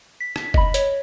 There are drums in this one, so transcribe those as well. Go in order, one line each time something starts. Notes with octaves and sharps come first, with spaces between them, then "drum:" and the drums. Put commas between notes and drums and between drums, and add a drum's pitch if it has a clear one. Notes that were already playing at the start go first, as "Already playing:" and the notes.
B6
drum: rim click
D#5 B5, drum: kick
C#5, drum: hi-hat